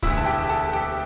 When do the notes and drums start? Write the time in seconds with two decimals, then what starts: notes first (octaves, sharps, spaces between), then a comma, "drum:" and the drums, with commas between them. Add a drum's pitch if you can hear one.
0.03 E1 D2 D3 E4 E5, drum: kick
0.17 A5
0.25 G4 G5
0.49 A4 A5
0.73 G4 G5